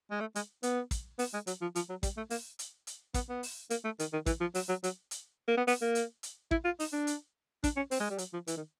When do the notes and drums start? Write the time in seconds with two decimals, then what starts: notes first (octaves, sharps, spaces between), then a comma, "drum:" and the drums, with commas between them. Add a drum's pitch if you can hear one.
0.11 G#3
0.20 A3
0.35 G#3, drum: hi-hat
0.63 B3, drum: hi-hat
0.91 drum: kick, hi-hat
1.19 B3, drum: open hi-hat
1.33 G#3
1.47 F#3, drum: hi-hat
1.61 F3
1.75 F3, drum: hi-hat
1.89 F#3
2.03 G3, drum: kick, hi-hat
2.17 A3
2.30 A#3, drum: open hi-hat
2.59 drum: hi-hat
2.87 drum: hi-hat
3.14 B3, drum: kick, hi-hat
3.29 B3
3.43 drum: open hi-hat
3.70 A#3, drum: hi-hat
3.84 A3
3.99 D#3, drum: hi-hat
4.13 D#3
4.26 E3, drum: kick, hi-hat
4.40 F3
4.55 F#3, drum: open hi-hat
4.69 F#3
4.84 F#3, drum: hi-hat
5.11 drum: hi-hat
5.48 A#3
5.57 B3
5.67 B3, drum: open hi-hat
5.81 A#3
5.95 drum: hi-hat
6.23 drum: hi-hat
6.51 E4, drum: kick
6.65 F4
6.80 D#4, drum: open hi-hat
6.93 D4
7.07 drum: hi-hat
7.64 D4, drum: kick, hi-hat
7.76 C#4
7.91 C4, drum: open hi-hat
8.00 G#3
8.10 G3
8.18 F#3, drum: hi-hat
8.33 F3
8.47 E3, drum: hi-hat
8.56 D#3